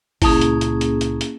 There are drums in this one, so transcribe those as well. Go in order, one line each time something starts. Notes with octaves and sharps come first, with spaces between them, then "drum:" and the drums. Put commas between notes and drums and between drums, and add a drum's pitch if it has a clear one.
C#2 A#2 A#3 C#4 E4 G#4 A5 D#6, drum: kick G1, open hi-hat
drum: hi-hat
drum: hi-hat
drum: hi-hat
drum: hi-hat
drum: hi-hat